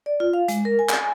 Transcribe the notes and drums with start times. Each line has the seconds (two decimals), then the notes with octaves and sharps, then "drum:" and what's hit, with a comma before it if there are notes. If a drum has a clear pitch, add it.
0.06 D5
0.20 F4
0.33 F5
0.48 G#3, drum: hi-hat
0.65 A#4
0.79 G#5
0.89 drum: clap
0.99 G#5